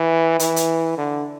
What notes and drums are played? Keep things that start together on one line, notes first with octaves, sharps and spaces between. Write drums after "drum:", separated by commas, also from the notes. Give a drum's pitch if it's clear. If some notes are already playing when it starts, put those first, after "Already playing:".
Already playing: E3
E3, drum: hi-hat
drum: hi-hat
D3